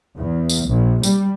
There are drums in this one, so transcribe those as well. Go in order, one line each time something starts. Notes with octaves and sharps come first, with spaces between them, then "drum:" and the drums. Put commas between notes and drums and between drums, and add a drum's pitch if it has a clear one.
E2
drum: tambourine
A#1
G3, drum: tambourine